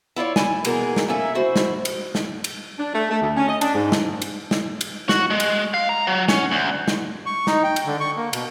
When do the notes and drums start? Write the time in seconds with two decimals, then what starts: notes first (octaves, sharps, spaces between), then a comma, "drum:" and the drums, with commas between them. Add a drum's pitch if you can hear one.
0.16 E4 F4 C#5 D5
0.36 E4 G#5, drum: snare
0.65 B2 E3 A#3 G#4 A#4, drum: cymbal
0.97 drum: snare
1.08 A#3 C#4 A4 E5 G#5
1.35 E4 F#4 C5
1.56 drum: snare
1.85 drum: cymbal
2.15 drum: snare
2.44 drum: cymbal
2.79 D4
2.94 A3
3.11 A3
3.22 D2
3.37 C#4
3.48 D#5
3.61 D4, drum: cymbal
3.75 G#2
3.92 drum: snare
4.22 drum: cymbal
4.51 drum: snare
4.81 drum: cymbal
5.09 F#4, drum: snare
5.30 G#3
5.40 drum: cymbal
5.74 F5
5.89 A#5
6.07 F#3
6.29 C#4, drum: snare
6.52 D2
6.88 drum: snare
7.26 C#6
7.47 D#4, drum: snare
7.64 G5
7.76 drum: cymbal
7.86 D3
8.00 C#6
8.17 A#3
8.33 B2, drum: cymbal